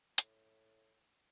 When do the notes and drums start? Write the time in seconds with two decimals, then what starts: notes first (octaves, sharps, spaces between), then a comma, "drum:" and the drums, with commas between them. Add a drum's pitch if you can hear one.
0.18 A2, drum: hi-hat